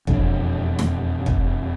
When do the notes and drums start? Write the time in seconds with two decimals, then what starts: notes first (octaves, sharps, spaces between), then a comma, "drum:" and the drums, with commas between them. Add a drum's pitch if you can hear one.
0.07 E1 F2 F3 D4, drum: kick
0.79 drum: snare
1.26 drum: kick